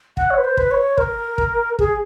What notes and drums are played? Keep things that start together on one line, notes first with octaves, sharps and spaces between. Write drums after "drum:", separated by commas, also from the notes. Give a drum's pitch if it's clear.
F#5, drum: kick
C#5
B4
C5
B4, drum: kick
C#5
A#4, drum: kick
drum: kick
G#4, drum: kick